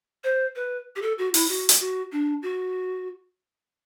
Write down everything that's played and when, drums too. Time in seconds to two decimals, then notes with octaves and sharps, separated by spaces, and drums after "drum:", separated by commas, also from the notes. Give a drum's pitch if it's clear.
0.24 C5
0.56 B4
0.96 G4
1.02 A4
1.18 F#4
1.34 E4, drum: open hi-hat
1.49 F#4
1.69 drum: hi-hat
1.80 F#4
2.12 D4
2.42 F#4